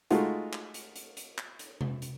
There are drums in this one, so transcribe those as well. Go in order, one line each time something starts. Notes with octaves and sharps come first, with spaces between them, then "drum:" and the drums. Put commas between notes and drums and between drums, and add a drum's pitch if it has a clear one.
G#3 A3 D#4 F4 F#4, drum: hi-hat
drum: clap
drum: hi-hat
drum: hi-hat
drum: hi-hat
drum: clap
drum: hi-hat
drum: tom C3
drum: hi-hat